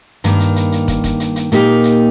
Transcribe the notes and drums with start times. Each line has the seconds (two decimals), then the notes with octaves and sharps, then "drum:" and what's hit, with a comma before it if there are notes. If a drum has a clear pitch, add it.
0.24 G2 D#3 A#3, drum: hi-hat
0.40 drum: hi-hat
0.56 drum: hi-hat
0.72 drum: hi-hat
0.88 drum: kick, hi-hat
1.04 drum: kick, hi-hat
1.20 drum: hi-hat
1.36 drum: hi-hat
1.52 A#2 A#3 D#4 G4, drum: hi-hat
1.84 drum: hi-hat